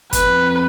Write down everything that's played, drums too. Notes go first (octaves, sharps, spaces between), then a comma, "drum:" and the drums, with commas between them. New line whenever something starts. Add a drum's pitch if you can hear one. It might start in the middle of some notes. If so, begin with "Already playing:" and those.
F2 B4, drum: kick G1, hi-hat